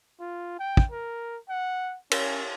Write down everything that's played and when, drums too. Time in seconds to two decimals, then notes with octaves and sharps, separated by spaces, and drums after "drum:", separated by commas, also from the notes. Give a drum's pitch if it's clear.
0.20 F4
0.59 G5
0.77 drum: kick
0.91 A#4
1.49 F#5
2.11 C#4, drum: cymbal